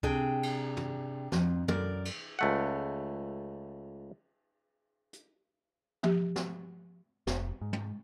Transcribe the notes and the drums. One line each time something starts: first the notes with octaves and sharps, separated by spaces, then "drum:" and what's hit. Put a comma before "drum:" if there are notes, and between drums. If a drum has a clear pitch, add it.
C3 D4 G#4 G5, drum: kick C#2
drum: cymbal
drum: tom
F2, drum: snare
F#2 A#4 D5, drum: tom
drum: cymbal
C#2 A3 F#5
drum: hi-hat
F3 G4, drum: tom
drum: snare
F1, drum: snare
G#2
drum: tom